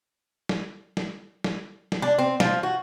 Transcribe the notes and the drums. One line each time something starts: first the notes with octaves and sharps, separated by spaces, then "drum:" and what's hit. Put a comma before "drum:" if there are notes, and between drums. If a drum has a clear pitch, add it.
drum: snare
drum: snare
drum: snare
drum: snare
D4
C4
F3, drum: snare
F#4